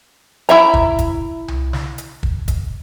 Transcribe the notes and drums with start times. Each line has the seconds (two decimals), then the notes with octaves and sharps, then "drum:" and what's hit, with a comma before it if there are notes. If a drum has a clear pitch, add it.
0.49 E4 E5 A#5, drum: hi-hat
0.74 drum: kick
0.99 drum: kick, hi-hat
1.48 drum: tom C2
1.73 drum: snare
1.98 drum: hi-hat
2.23 drum: kick
2.48 drum: kick, hi-hat